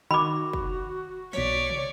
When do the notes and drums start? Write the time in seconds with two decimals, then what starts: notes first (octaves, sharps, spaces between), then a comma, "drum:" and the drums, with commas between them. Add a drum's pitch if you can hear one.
0.11 D#3 F#4 B5 D6
0.53 drum: kick
1.33 B1 C#5 D5 B6, drum: snare
1.70 drum: tom